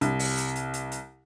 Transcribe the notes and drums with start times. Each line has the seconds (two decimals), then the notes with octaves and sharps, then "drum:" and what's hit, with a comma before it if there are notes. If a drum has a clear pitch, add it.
0.01 C2, drum: hi-hat
0.19 drum: open hi-hat
0.37 drum: hi-hat
0.55 drum: hi-hat
0.74 drum: hi-hat
0.92 drum: hi-hat